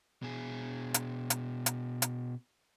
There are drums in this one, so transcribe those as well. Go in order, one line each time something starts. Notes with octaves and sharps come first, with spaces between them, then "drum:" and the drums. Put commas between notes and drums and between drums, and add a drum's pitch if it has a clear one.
B2 G#4
drum: hi-hat
drum: hi-hat
drum: hi-hat
drum: hi-hat